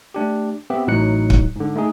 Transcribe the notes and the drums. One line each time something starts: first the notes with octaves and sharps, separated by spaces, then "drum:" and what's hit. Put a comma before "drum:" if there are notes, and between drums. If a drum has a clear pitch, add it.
A3 D4 G4
B3 C4 G4 E5
A1 A2 F#3 D#4 F#6 C#7
drum: kick
G#2 D3
A3 D#4 G#4